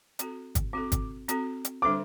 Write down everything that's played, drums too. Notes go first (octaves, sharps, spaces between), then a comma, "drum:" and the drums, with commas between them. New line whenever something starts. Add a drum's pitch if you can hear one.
C4 F#4 A4, drum: hi-hat
drum: kick, hi-hat
C4 F#4 A4 D6
drum: kick, hi-hat
C4 F#4 A4, drum: hi-hat
drum: hi-hat
D3 G3 D4 A4 C5 D6